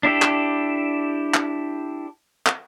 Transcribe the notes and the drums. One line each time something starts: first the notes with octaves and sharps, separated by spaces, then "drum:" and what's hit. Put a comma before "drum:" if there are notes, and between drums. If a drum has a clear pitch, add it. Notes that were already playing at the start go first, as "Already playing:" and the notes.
D4 E4 G4 A4
drum: clap
drum: clap
drum: clap